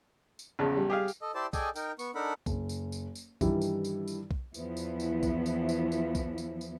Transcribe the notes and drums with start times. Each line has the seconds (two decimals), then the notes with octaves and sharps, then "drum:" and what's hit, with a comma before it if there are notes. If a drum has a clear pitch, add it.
0.39 drum: tambourine
0.59 A#1 E2 C#3 A5
0.77 G3
0.90 G4 G#4 F5
1.08 drum: tambourine
1.22 A4 D#5
1.35 E4 G4 C5 D5 A5
1.53 G#4 A4 D5 D#5 G5 G#5, drum: kick B1, tambourine
1.76 D#4 A#4 G5, drum: tambourine
1.99 B3 C#6, drum: tambourine
2.15 D4 D#4 A4 A#4 F#5 B5
2.46 F#1, drum: kick B1, tambourine
2.69 drum: tambourine
2.92 drum: tambourine
3.15 drum: tambourine
3.41 G2 D#3 E3 G3 E4, drum: kick B1, tambourine
3.61 drum: tambourine
3.85 drum: tambourine
4.08 drum: tambourine
4.31 drum: kick B1
4.54 E2 E3 F3 B3 E4, drum: tambourine
4.77 drum: tambourine
5.00 drum: tambourine
5.23 drum: kick B1, tambourine
5.46 drum: tambourine
5.69 drum: tambourine
5.92 drum: tambourine
6.15 drum: kick B1, tambourine
6.38 drum: tambourine
6.61 drum: tambourine